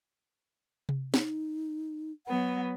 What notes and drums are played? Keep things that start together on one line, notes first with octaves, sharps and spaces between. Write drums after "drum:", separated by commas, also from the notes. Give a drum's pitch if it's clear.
drum: tom C3
D#4, drum: snare
F#3 B3 F#5